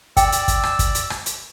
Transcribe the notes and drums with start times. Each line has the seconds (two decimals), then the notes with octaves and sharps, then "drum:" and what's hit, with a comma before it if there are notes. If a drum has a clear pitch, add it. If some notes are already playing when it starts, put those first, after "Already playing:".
0.17 D5 G5 E6, drum: kick, hi-hat
0.32 drum: hi-hat
0.48 drum: kick, hi-hat
0.63 drum: rim click
0.79 drum: kick, hi-hat
0.95 drum: hi-hat
1.10 drum: rim click
1.26 drum: hi-hat